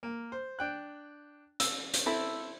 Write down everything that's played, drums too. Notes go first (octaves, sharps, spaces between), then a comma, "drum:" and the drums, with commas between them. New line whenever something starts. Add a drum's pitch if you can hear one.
A#3
C5
D4 G5 F#6
E6, drum: hi-hat
drum: hi-hat
C4 E4 A4 E5 B5